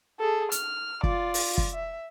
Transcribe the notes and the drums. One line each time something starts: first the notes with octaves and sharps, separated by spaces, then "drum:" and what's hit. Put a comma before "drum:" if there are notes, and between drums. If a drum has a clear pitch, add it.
G#4 A4
F6, drum: hi-hat
F4 D5, drum: kick
drum: open hi-hat
drum: kick
E5